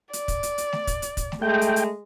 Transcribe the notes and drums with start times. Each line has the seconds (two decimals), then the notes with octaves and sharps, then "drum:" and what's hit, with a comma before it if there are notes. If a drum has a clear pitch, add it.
0.13 D5, drum: hi-hat
0.28 drum: kick, hi-hat
0.43 drum: hi-hat
0.58 drum: hi-hat
0.73 drum: snare A3
0.87 drum: kick, hi-hat
1.02 drum: hi-hat
1.17 drum: kick, hi-hat
1.32 drum: snare A3
1.42 G#3 A3 G5
1.61 drum: hi-hat
1.76 drum: hi-hat